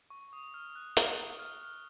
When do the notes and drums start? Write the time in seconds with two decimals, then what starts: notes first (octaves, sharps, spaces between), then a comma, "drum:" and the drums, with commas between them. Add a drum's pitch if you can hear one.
0.10 C#6
0.33 D#6
0.54 F6
0.75 F#6
0.97 F6, drum: hi-hat
1.18 F#6
1.39 F6
1.62 F6